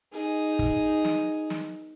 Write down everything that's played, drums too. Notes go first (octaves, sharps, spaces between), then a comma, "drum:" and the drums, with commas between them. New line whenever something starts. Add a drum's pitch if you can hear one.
D#4 G#4, drum: hi-hat
drum: kick, hi-hat
drum: snare
drum: snare